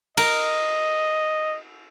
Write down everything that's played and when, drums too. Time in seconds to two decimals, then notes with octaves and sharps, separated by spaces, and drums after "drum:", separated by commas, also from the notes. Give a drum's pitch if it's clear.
0.17 A#4 D#5, drum: cymbal